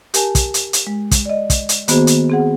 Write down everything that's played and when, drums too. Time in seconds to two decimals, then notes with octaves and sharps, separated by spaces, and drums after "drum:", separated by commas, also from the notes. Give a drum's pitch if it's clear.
0.14 G4 A#4 G#5 A5, drum: hi-hat
0.35 drum: kick, hi-hat
0.54 drum: hi-hat
0.73 drum: hi-hat
0.87 G#3
1.11 drum: kick, hi-hat
1.26 D5 D#5
1.50 drum: kick, hi-hat
1.69 drum: hi-hat
1.88 D#3 A#3 B3 F#4 G#4 C5, drum: hi-hat
2.07 drum: hi-hat
2.30 C4 G#4 F#5